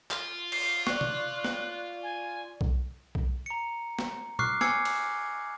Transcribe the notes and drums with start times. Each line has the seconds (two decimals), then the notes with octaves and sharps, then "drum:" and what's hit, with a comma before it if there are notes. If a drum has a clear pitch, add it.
0.11 F4, drum: clap
0.52 C7, drum: cymbal
0.87 D5 C#6 F#6, drum: snare
1.01 drum: tom C3
1.45 drum: snare
2.03 G#5
2.61 drum: kick B1
3.15 drum: kick B1
3.46 A#5 C#7
3.99 drum: snare
4.39 C#6 D6 F6 F#6 C7, drum: tom A#2
4.61 G#5 D6 E6 G#6 C7 C#7, drum: snare
4.85 drum: cymbal